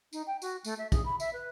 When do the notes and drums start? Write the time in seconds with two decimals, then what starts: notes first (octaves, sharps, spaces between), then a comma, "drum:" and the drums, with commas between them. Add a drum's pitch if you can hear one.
0.13 D#4, drum: tambourine
0.27 G5
0.42 F#4, drum: tambourine
0.65 A3, drum: tambourine
0.78 E5
0.92 G#4, drum: kick, tambourine
1.05 B5
1.20 E5, drum: tambourine
1.33 B4